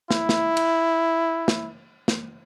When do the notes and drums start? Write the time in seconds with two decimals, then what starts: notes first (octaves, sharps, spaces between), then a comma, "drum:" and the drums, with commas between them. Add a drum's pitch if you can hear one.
0.10 E4, drum: snare
0.29 drum: snare
0.57 drum: cymbal
1.48 drum: snare
2.08 drum: snare